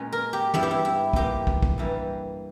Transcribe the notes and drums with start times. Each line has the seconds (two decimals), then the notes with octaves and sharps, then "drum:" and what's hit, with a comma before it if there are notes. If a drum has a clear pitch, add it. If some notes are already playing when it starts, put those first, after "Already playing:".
Already playing: A#2 G#3 C#4
0.12 A#4
0.33 G4
0.54 G2 G3 B3 E4, drum: tom
0.63 G4
0.71 E4
0.85 E4
1.13 G#2 E3 A#3 G4, drum: kick
1.47 drum: kick
1.63 drum: kick
1.78 G2 E3 G3 A#3